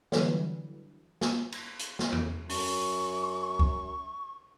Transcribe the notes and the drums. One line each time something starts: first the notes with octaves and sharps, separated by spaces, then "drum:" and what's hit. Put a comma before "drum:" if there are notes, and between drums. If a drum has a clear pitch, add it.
D3 E3 F#3 G3, drum: snare
drum: snare
drum: cymbal
drum: hi-hat
drum: snare
drum: tom
F#2 C#4 C#6, drum: open hi-hat
drum: kick